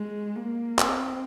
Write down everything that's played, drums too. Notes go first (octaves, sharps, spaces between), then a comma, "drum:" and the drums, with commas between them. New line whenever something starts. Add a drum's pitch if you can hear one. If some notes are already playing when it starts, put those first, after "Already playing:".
Already playing: G#3
A#3
C4, drum: clap